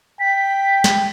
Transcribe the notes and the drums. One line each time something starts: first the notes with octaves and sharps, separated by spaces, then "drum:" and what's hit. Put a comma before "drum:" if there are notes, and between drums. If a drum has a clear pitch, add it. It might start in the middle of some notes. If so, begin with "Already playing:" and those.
G5 B6
drum: snare